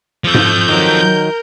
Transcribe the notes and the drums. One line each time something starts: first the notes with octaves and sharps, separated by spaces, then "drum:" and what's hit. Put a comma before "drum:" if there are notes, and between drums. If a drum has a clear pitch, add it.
F3 A4 G6
drum: tom G#2
D#3 F#3 A#4